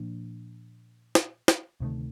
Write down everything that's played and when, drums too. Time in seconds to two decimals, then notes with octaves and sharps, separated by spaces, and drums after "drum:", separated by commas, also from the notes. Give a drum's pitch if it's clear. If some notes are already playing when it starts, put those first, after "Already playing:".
Already playing: A#2 F3 A#3 D4
1.15 drum: snare
1.48 drum: snare
1.80 D2 C3 D#3 A3